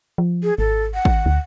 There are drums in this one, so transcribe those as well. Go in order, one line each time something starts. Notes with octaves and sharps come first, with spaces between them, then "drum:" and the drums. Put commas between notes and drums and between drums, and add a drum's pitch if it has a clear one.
F3
G#4
G#1 A4
F#5
drum: kick
D2